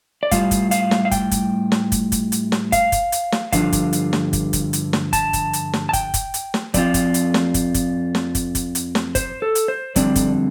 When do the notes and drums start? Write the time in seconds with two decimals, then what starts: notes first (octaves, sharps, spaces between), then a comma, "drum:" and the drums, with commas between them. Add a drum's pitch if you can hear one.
0.23 D5
0.31 A2 G3 F4 F5, drum: kick, hi-hat
0.51 drum: kick, hi-hat
0.71 F5, drum: hi-hat
0.91 drum: snare
1.05 F5
1.11 G5, drum: kick, hi-hat
1.31 drum: kick, hi-hat
1.72 drum: snare
1.92 drum: kick, hi-hat
2.12 drum: kick, hi-hat
2.32 drum: hi-hat
2.52 drum: snare
2.72 F5, drum: kick, hi-hat
2.92 drum: kick, hi-hat
3.12 drum: hi-hat
3.32 drum: snare
3.53 G2 D3 F3 D4 F4 F5, drum: kick, hi-hat
3.73 drum: kick, hi-hat
3.93 drum: hi-hat
4.13 drum: snare
4.33 drum: kick, hi-hat
4.53 drum: kick, hi-hat
4.73 drum: hi-hat
4.93 drum: snare
5.13 A5, drum: kick, hi-hat
5.33 drum: kick, hi-hat
5.53 drum: hi-hat
5.73 drum: snare
5.89 A5
5.93 G5, drum: kick, hi-hat
6.14 drum: kick, hi-hat
6.34 drum: hi-hat
6.54 drum: snare
6.74 F2 F3 C4 F4 D5, drum: kick, hi-hat
6.94 drum: kick, hi-hat
7.14 drum: hi-hat
7.34 drum: snare
7.54 drum: kick, hi-hat
7.74 drum: kick, hi-hat
8.15 drum: snare
8.35 drum: kick, hi-hat
8.55 drum: kick, hi-hat
8.75 drum: hi-hat
8.95 drum: snare
9.15 C5, drum: kick, hi-hat
9.42 A4
9.55 drum: hi-hat
9.68 C5
9.96 F2 D3 G3 C4 D5, drum: kick, hi-hat
10.16 drum: kick, hi-hat